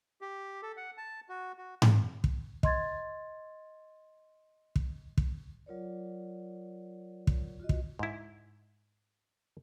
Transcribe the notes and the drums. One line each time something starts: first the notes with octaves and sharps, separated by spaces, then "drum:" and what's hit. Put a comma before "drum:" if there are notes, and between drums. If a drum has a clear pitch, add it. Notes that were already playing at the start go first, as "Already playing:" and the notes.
G4
A4
F#5
A5
F#4
F#4
drum: tom G#2
drum: kick
D#5 C6 G#6 A6, drum: kick
drum: kick
drum: kick
F#3 F4 A#4 C#5 D5
drum: kick
F4 F#4 D#5
drum: kick
G#2 E4